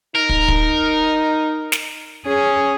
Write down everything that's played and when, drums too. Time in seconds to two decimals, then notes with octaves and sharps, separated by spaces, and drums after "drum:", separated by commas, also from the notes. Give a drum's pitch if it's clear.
0.15 D#4 A#4
0.29 drum: kick
0.48 drum: kick
1.72 drum: snare
2.26 C#4 G#4